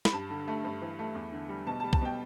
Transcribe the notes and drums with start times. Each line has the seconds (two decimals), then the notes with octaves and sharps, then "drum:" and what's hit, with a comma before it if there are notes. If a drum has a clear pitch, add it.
0.05 B5, drum: snare
0.13 G2 A5
0.30 D3
0.48 A3
0.64 G2
0.82 E3
0.99 A3
1.15 E2
1.32 D3
1.49 G3
1.67 B2 A5
1.80 A5
1.84 G3
1.93 A5, drum: kick
2.02 B2 G5